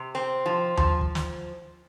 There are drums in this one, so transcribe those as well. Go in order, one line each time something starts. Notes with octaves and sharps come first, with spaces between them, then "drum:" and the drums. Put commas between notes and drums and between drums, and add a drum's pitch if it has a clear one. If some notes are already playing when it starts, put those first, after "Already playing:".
Already playing: C3
C4
F3
F3, drum: tom D#2
drum: kick
drum: snare